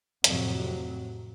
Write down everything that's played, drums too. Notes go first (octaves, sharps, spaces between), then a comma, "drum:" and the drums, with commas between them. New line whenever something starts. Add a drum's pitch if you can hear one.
F2 A2 C3 F#3, drum: hi-hat